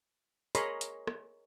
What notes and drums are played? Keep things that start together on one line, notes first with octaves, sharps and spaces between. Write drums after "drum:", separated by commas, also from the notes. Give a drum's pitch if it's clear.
G#4 A#4 C#5 D#5 B5 C6, drum: hi-hat
drum: hi-hat
drum: rim click